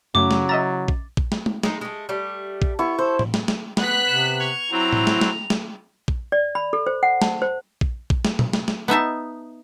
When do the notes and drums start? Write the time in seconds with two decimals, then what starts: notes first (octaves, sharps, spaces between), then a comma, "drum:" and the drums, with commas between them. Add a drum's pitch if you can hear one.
0.15 F#2 C#3 F#3 A3 E4 D6
0.31 drum: snare
0.49 D#5 E5 A#5 A6
0.88 drum: kick A#1
1.17 drum: kick A#1
1.32 drum: snare
1.46 drum: tom G#3
1.63 G#3 D#4, drum: snare
1.81 G#3 A3
2.09 G3 A3
2.62 drum: kick A#1
2.79 B3 E4 C#6
2.99 A4 C5
3.19 drum: tom A2
3.34 drum: snare
3.48 drum: snare
3.77 B3 F#6 B6, drum: snare
4.07 C3 E7
4.40 C#6 G#6 F7
4.71 F#3 C4 E4 A#5
4.93 drum: tom A2
5.07 drum: snare
5.21 drum: snare
5.50 drum: snare
6.08 drum: kick A#1
6.32 D5
6.55 B5
6.73 A4
6.87 C5
7.03 F#5
7.22 A5, drum: snare
7.42 C5
7.81 drum: kick A#1
8.10 drum: kick A#1
8.25 drum: snare
8.39 drum: tom
8.53 drum: snare
8.68 drum: snare
8.88 B3 D#4 E5 A5